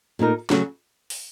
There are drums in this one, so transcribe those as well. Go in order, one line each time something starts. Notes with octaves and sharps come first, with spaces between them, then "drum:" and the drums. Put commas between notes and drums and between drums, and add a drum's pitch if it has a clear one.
A#2 A3 D#4 A#4
C#3 F#3 A3 C#4 F#4, drum: snare
drum: open hi-hat